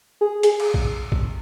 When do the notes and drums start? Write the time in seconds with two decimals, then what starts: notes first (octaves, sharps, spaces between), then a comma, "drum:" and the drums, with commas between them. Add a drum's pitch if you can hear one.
0.21 G#4
0.43 G#4, drum: hi-hat
0.60 drum: cymbal
0.74 drum: kick B1
1.12 drum: kick B1